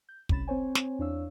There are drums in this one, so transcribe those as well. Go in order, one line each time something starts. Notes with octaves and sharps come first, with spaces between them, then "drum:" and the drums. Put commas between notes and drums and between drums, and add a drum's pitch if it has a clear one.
G6
C2 C3 C#4 B5 A6 E7, drum: kick
C4 C5 C#5 G#5
drum: snare
E2 D4 E4 C#5 F5 E6